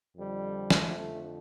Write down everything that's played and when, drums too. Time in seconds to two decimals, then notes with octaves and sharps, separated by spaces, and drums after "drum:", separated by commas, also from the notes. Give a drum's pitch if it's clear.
0.17 F2 D3 F3 G3
0.70 A3, drum: snare